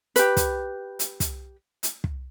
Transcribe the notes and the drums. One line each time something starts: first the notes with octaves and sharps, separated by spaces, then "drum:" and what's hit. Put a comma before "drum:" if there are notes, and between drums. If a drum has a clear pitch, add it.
G4 B4, drum: hi-hat
drum: kick, hi-hat
drum: hi-hat
drum: kick, hi-hat
drum: hi-hat
drum: kick